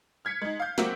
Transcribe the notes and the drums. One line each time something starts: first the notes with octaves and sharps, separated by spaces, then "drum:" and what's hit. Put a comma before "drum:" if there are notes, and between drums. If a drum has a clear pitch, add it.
F6 G#6 B6 C#7
G#3 D#4
F5 G6
F#3 A#3 C4 F#4 G4 E5, drum: snare